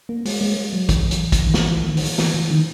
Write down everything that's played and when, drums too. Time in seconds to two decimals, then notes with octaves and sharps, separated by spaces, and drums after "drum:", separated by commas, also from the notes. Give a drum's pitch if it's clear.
0.09 A#3
0.25 G#3, drum: open hi-hat
0.41 G#3
0.57 G#3
0.73 F#3
0.89 E3, drum: kick, hi-hat
1.11 drum: hi-hat
1.32 drum: kick, hi-hat
1.47 D#3
1.54 E3, drum: snare
1.70 E3
1.86 D#3
1.97 D#3, drum: open hi-hat
2.03 E3
2.18 E3, drum: snare
2.34 E3
2.51 D#3